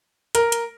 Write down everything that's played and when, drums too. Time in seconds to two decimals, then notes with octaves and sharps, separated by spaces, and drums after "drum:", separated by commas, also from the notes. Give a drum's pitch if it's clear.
0.35 A#4, drum: hi-hat
0.52 drum: hi-hat